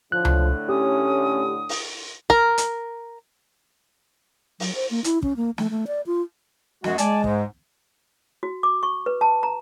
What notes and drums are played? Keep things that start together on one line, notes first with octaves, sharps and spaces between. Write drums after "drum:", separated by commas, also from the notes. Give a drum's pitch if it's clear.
A2 D3 F3 F#6
drum: tom C#2
C#4 G4 D#6
drum: open hi-hat
A#4, drum: kick
drum: hi-hat
F#3, drum: open hi-hat
C5
A#3
E4, drum: hi-hat
C#4, drum: kick
A#3
A3, drum: snare
A3
D5
F4
F#2 G#3 F#4, drum: snare
G#3 D5 G#5 A5, drum: hi-hat
G#2, drum: kick
F#4
D6
C#6
B4
A5
A#5